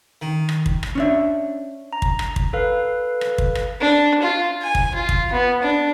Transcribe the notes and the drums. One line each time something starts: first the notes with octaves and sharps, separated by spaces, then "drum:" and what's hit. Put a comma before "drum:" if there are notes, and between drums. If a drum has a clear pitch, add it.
D#3
drum: rim click
drum: kick
drum: rim click
C#4 D4 E5
A#5
drum: kick
drum: rim click
drum: kick
A4 B4 F5
drum: rim click
drum: kick
drum: rim click
D4
F4
G#5
drum: kick
F4
drum: kick
B3
D4